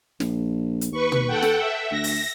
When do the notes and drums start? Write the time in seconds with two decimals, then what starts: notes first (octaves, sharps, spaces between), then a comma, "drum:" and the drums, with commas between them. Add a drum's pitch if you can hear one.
0.20 A#1, drum: snare
0.81 drum: hi-hat
0.91 D#2 B4 C#6
1.12 drum: tom
1.27 A4 F#5 G5
1.42 drum: snare
1.58 E5
1.91 D2 A#6
2.04 drum: open hi-hat